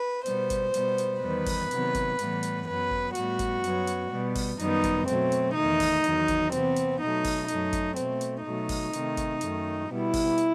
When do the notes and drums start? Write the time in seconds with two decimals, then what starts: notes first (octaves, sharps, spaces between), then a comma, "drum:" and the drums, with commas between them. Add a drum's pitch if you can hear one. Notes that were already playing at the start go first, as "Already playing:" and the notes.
Already playing: B4
0.26 B2 G3 B3 C5, drum: hi-hat
0.50 drum: kick G1, hi-hat
0.74 B2 G3 B3, drum: hi-hat
0.98 drum: hi-hat
1.22 E2 D#3 G3 B3 B4
1.46 drum: kick G1, open hi-hat
1.71 C3 D#3 F#3 B3, drum: hi-hat
1.95 drum: kick G1, hi-hat
2.19 A2 E3 G3 B3, drum: hi-hat
2.43 drum: hi-hat
2.66 F#2 F#3 B3 B4
2.91 drum: kick G1
3.15 A2 G3 B3 F#4, drum: hi-hat
3.39 drum: kick G1, hi-hat
3.64 F#2 F#3 B3, drum: hi-hat
3.87 drum: hi-hat
4.11 B2 G3 B3
4.35 drum: kick G1, open hi-hat
4.59 F#2 D#3 G3 B3 D#4, drum: hi-hat
4.84 drum: kick G1, hi-hat
5.08 B2 F#3 A3 C4, drum: hi-hat
5.32 drum: hi-hat
5.55 E2 D#3 A3 D#4
5.80 drum: kick G1, open hi-hat
6.04 E2 D#3 F#3, drum: hi-hat
6.28 drum: kick G1, hi-hat
6.52 C3 E3 B3 C4, drum: hi-hat
6.76 drum: hi-hat
7.01 B2 F#3 A3 D#4
7.24 drum: kick G1, open hi-hat
7.48 F#2 F#3 A3 D#4, drum: hi-hat
7.73 drum: kick G1, hi-hat
7.96 B2 C4, drum: hi-hat
8.01 A3
8.21 drum: hi-hat
8.44 B2 F#3 A3 D#4
8.69 drum: kick G1, open hi-hat
8.93 C3 D#3 A3, drum: hi-hat
9.17 drum: kick G1, hi-hat
9.41 F#2 D#3 A3, drum: hi-hat
9.90 B2 G3 B3 E4
10.14 drum: kick G1, open hi-hat
10.38 drum: hi-hat